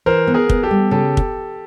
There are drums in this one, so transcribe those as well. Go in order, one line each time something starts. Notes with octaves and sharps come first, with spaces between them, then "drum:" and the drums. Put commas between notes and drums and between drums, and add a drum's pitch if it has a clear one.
E3 A#4 C5
B3
G#4 A#4
B3, drum: kick
G4 A4
G3
C#3 G4 A4
drum: kick